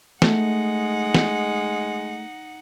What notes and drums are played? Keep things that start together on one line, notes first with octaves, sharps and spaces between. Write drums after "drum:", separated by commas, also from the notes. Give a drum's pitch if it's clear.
G#3 A3 D#4 F#5, drum: snare
drum: snare